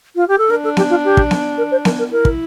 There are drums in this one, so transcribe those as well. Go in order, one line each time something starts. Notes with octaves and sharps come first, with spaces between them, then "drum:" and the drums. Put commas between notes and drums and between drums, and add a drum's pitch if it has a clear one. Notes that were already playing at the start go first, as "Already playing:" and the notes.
F4
G4
A4
D4 A#4
A4
G4, drum: snare B3
F4
G4
drum: kick
drum: snare B3
A#4
C5
A#4, drum: snare B3
A#4
E4 A#4
drum: kick